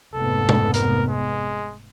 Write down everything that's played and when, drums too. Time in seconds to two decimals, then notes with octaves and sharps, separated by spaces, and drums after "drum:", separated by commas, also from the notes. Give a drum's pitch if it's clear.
0.14 F1 G#2 B3 A4
0.49 drum: tom B2
0.74 A#4, drum: hi-hat
1.09 G#3